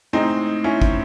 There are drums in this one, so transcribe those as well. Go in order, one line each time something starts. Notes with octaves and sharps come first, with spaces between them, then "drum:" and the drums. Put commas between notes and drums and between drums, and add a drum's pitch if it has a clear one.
A2 G#3 C4 D#4
C#4 E4
drum: kick